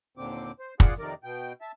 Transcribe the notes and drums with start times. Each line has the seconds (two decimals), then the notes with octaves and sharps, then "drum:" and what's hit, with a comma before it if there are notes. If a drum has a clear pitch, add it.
0.17 D#2 A#2 D3 C4 D6
0.59 C5
0.80 F4 G#4 D5 F#5, drum: kick
0.99 F2 C3 D#3 A#4 D5
1.24 B2 G5
1.61 E5 A5